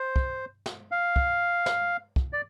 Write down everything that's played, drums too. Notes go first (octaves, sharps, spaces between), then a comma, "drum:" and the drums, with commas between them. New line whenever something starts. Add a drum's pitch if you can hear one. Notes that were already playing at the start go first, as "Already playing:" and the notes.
Already playing: C5
drum: kick
drum: snare
F5
drum: kick
drum: snare
drum: kick
D5